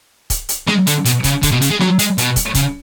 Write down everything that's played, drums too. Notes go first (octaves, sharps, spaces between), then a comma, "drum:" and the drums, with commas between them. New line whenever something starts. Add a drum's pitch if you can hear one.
drum: kick, hi-hat
drum: hi-hat
G#3, drum: snare
D3, drum: hi-hat
B2, drum: hi-hat
C#3, drum: kick, hi-hat
D3, drum: kick, hi-hat
B2
C#3, drum: hi-hat
G#3
F#3, drum: snare
G#3, drum: hi-hat
B2, drum: hi-hat
drum: kick, hi-hat
C#3, drum: kick, hi-hat